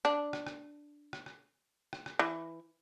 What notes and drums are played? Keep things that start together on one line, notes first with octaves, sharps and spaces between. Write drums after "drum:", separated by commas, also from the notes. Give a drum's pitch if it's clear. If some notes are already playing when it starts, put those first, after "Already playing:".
D4
drum: rim click
drum: rim click
drum: rim click
drum: rim click
drum: rim click
drum: rim click
E3